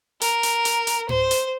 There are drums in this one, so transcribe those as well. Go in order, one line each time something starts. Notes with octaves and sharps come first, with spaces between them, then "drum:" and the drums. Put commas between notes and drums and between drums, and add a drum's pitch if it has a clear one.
A#4, drum: hi-hat
drum: hi-hat
drum: hi-hat
drum: hi-hat
C5, drum: tom G#2
drum: hi-hat